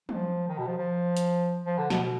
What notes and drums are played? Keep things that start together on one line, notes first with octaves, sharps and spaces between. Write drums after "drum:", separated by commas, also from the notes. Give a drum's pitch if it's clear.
F3, drum: tom F#3
D#3
B2
F3
F3
drum: hi-hat
F3
D3
B2, drum: snare
B2